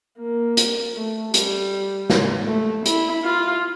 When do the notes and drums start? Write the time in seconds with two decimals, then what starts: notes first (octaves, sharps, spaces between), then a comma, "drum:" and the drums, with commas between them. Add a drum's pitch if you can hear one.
0.19 A#3
0.57 drum: hi-hat
0.95 A3
1.34 G3, drum: hi-hat
2.10 drum: snare
2.47 A3
2.86 E4, drum: hi-hat
3.24 F4